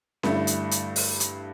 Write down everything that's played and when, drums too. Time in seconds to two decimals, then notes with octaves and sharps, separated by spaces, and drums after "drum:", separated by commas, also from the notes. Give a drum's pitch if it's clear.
0.23 G2 D3 A3 E4, drum: snare C#4
0.47 drum: hi-hat
0.71 drum: hi-hat
0.96 drum: open hi-hat
1.20 drum: hi-hat